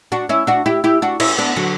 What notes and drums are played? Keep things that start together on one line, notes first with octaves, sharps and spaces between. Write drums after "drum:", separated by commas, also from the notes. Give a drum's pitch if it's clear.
D4 F#4
C#4 E4
D4 F#4
E4 G4
E4 G4
D4 F#4
C#4 E4, drum: cymbal
B3 D4
D3 F#3